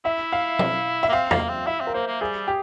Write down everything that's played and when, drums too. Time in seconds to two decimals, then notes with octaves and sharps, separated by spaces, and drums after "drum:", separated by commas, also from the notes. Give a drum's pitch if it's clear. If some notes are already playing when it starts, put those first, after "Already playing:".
0.05 E4 E5
0.33 F5
0.59 drum: tom
1.03 E5
1.09 A#3
1.13 C4 F5
1.31 A#3, drum: tom
1.40 F5
1.49 C4
1.67 E4 E5
1.81 C4
1.87 A#4
1.94 A#3 C5
2.07 A#3
2.21 G3 G#4
2.48 G4